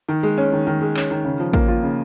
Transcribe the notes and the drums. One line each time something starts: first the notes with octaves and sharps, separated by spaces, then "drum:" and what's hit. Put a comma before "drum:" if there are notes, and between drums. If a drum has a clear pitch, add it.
D#3
G#3
C#4
D#3
D#3
G#3
C#4, drum: clap
D#3
C#3
F3
A#3, drum: kick
F4
C#3